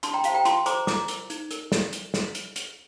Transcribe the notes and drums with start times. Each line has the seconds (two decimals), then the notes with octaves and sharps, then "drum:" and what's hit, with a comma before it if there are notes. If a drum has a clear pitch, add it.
0.03 D4 A5 C6, drum: hi-hat
0.14 G5 A#5
0.24 G4 C5 F5 A5, drum: hi-hat
0.35 G5 A#5
0.45 F4 A5 C6, drum: hi-hat
0.66 C5 A#5 D6, drum: hi-hat
0.87 F4 A#5 D6, drum: snare
1.08 A#4, drum: hi-hat
1.30 D#4, drum: hi-hat
1.51 A#4, drum: hi-hat
1.72 drum: snare
1.93 drum: hi-hat
2.14 drum: snare
2.35 drum: hi-hat
2.56 drum: hi-hat